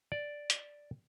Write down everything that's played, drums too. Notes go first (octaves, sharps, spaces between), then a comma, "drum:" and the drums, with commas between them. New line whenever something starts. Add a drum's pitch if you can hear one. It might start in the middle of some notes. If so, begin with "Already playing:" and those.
D5
drum: hi-hat